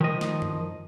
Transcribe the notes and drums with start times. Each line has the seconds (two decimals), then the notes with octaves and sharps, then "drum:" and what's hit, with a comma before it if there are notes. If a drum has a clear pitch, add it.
0.01 D#3 F3 D#5
0.21 drum: snare
0.42 drum: tom F#2